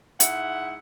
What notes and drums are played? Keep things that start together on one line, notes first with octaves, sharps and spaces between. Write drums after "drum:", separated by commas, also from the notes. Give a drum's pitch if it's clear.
G#2 E4 F#5, drum: hi-hat